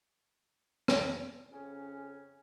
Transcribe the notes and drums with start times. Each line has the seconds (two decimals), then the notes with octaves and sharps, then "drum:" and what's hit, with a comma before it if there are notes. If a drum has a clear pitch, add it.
0.88 drum: rim click
1.51 F2 C#3 C#4